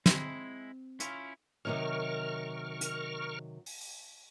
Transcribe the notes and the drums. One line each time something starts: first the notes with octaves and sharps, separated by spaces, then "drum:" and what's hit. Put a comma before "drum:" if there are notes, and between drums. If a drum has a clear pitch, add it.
G#3 C4 E4, drum: snare
C#4 E4 F4, drum: hi-hat
C3 D#3 F#3 A#4 C#6 F6
drum: hi-hat
drum: open hi-hat
drum: open hi-hat